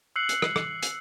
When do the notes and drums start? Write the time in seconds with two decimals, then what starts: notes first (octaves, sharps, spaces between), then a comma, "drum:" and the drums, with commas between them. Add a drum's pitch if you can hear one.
0.16 E6 F#6 C7 C#7 F#7
0.29 drum: hi-hat
0.42 drum: rim click
0.56 drum: rim click
0.83 drum: hi-hat